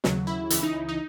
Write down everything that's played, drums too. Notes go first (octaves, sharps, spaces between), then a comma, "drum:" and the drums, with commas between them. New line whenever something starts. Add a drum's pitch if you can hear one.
D#2 C#3 F#3, drum: snare
E4
C#2 C#3 E3 E4, drum: hi-hat
D#4
D#4